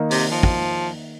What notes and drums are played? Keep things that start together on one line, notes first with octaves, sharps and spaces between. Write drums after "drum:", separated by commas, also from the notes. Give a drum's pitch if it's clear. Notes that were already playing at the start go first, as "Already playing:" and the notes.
Already playing: D#3 A#3 D#4
C3, drum: open hi-hat
F3
drum: kick